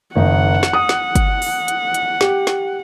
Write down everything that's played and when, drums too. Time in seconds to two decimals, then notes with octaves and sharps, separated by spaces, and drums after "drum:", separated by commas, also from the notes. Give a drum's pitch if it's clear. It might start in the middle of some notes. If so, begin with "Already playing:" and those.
0.15 F#1 D#3 D#4 F#5
0.63 drum: snare
0.73 D#6
0.89 drum: snare
1.15 drum: kick G1, hi-hat
1.42 drum: open hi-hat
1.68 drum: hi-hat
1.94 drum: hi-hat
2.21 G4, drum: snare
2.47 drum: snare